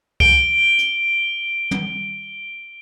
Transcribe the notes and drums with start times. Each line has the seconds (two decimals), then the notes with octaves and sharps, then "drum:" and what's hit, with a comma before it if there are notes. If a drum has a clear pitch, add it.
0.20 D7 G7, drum: kick C#2
0.78 drum: hi-hat
1.71 drum: tom